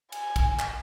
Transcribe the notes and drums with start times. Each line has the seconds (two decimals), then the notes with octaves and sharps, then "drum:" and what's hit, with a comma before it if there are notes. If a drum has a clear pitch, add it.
0.12 G#5, drum: cymbal
0.36 drum: kick A#1, cymbal
0.59 drum: clap